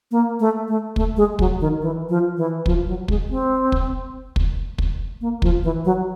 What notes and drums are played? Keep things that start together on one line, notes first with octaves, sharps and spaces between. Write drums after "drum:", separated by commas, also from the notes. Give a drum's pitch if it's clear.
A#3
A3
A3
A3, drum: kick
G#3
F#3, drum: kick
D#3
E3
F3
E3
F3, drum: kick
F#3
G#3, drum: kick
C4
drum: kick
drum: kick
drum: kick
A#3
F3, drum: kick
E3
F#3